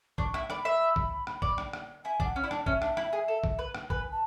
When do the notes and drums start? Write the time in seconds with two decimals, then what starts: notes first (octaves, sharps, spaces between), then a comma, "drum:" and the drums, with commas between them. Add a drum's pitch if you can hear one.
0.18 D4 C#6, drum: kick
0.34 E4, drum: rim click
0.50 D5 B5, drum: rim click
0.65 E5
0.96 drum: kick
1.27 drum: rim click
1.42 D5, drum: kick
1.58 drum: rim click
1.73 drum: rim click
2.05 E4 G#5
2.20 D4, drum: kick
2.25 F#5
2.36 C#4
2.43 E4 D5
2.51 D4, drum: rim click
2.66 C#4 E5, drum: kick
2.82 D4, drum: rim click
2.97 E4, drum: rim click
3.13 G#4
3.28 A4
3.44 drum: kick
3.59 B4
3.75 drum: rim click
3.90 B4 G#5, drum: kick
4.11 A5